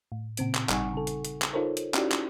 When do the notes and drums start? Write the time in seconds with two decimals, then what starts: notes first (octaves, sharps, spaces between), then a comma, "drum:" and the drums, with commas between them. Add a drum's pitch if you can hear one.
0.12 A2
0.37 A#2 C#3 C4 D7, drum: hi-hat
0.55 drum: clap
0.69 G#1 G3 D#4 F#5 G#5 C#6, drum: clap
0.93 C#3 A4
1.07 drum: hi-hat
1.25 drum: hi-hat
1.42 drum: clap
1.53 D#4 F4 A4 A#4 C5 C#5
1.77 drum: hi-hat
1.94 C#4 D#4 E4 F#4 G4 D5, drum: clap
2.12 drum: clap